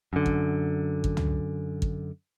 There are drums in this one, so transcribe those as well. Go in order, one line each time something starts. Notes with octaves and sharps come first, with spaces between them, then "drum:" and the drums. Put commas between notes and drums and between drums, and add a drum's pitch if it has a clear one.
F#2 D3
drum: kick
drum: kick
drum: tom
drum: kick